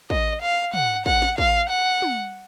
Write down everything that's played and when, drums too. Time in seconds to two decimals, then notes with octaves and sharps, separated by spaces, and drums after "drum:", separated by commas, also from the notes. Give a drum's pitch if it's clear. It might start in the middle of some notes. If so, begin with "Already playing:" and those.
0.10 D#5, drum: kick
0.42 F5
0.74 F#5, drum: tom
1.06 F#5, drum: kick
1.22 drum: snare
1.38 F5, drum: kick
1.70 F#5
2.02 drum: tom